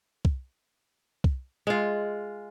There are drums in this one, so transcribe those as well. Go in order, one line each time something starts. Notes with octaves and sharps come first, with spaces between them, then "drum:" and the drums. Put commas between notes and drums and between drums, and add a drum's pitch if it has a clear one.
drum: kick
drum: kick
G#3 F4